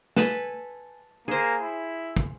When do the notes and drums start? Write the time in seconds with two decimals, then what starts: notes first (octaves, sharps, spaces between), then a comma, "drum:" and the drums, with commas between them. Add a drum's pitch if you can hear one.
0.16 A4 B4 G#5, drum: snare
1.28 A#3 G#4 C5
1.62 E4
2.16 drum: kick